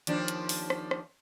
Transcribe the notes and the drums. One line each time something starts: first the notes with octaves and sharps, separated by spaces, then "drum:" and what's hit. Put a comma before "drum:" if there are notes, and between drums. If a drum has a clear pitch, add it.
D#2 F3 D4, drum: hi-hat
drum: hi-hat
drum: open hi-hat
drum: rim click
drum: rim click